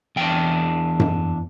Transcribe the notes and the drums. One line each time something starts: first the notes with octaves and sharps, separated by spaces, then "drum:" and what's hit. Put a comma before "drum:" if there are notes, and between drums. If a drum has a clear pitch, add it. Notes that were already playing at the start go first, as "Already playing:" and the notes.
E2 E3 D4 G5
drum: tom F#2